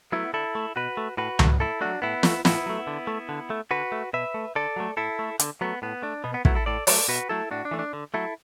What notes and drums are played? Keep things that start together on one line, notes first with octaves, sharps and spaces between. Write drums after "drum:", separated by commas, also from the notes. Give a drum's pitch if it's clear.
F#3 A3 B3 E4
D3 E4 A4
A3
B2 F#4 B4
A3
A2 F#4 B4
F#3 A3, drum: tom C#2
A2 E4 A4
F#3 A3 D4 F#4
A2 B3 E4
A3, drum: snare
A2 B3 E4, drum: snare
F#3 A3
D3
A3
D3
A3
D3 F#4 B4
A3
B2 B4 E5
A3
D3 A4 D5
F#3 A3
A2 E4 A4
A3
D3, drum: hi-hat
F#3 A3 B3
A2 B3
A3 D4
B2 B3
B3
F#3 A3 B3 E4, drum: kick
E4 A4
A2 A4 D5
F#3 A3 A4 D5, drum: open hi-hat
B2 F#4 B4
F#3 A3 E4 A4
A2 D4 F#4
D4
E3 A3
D4
D3
F#3 A3 E4 A4